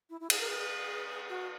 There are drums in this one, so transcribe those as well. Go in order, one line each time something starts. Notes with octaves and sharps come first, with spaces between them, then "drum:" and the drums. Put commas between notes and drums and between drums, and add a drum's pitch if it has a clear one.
E4
E4
G#4, drum: cymbal
A#4
G#4
F#4